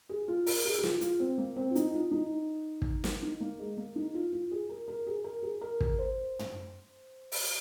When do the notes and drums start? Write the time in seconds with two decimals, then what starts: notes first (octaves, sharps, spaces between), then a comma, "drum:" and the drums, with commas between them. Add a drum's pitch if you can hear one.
0.09 G#4
0.28 F4
0.46 A#4, drum: open hi-hat
0.65 G#4
0.79 G#4
0.83 F4, drum: snare
1.01 F4, drum: hi-hat
1.20 C4
1.38 A#3
1.56 C4
1.70 F4
1.75 D#4, drum: hi-hat
1.94 F4
2.11 D#4
2.82 drum: kick
3.04 A#3, drum: snare
3.22 D#4
3.40 A#3
3.59 G#3
3.77 A#3
3.96 D#4
4.14 F4
4.33 F4
4.51 G#4
4.69 A#4
4.88 A#4
5.07 G#4
5.24 A#4
5.43 G#4
5.61 A#4
5.80 A#4, drum: kick
5.99 C5
6.39 drum: tom
7.32 drum: open hi-hat